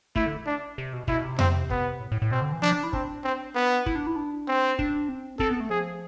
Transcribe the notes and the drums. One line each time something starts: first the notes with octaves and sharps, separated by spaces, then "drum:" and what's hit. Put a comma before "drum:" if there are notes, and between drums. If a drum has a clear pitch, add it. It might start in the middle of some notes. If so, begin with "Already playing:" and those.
A3 E4, drum: kick
D3
D4
C3
B2
B2 E4, drum: kick
C3
C4, drum: tom F2
B3, drum: kick
A2
A2
A2
B2 C4
D3
E3
F3 D4
D4
E4
C4 D4, drum: kick
C4
B3
E4, drum: kick
D4
E4
D4
C4
D4, drum: kick
C4
C4 A4, drum: kick
B3
A3
F3 G#4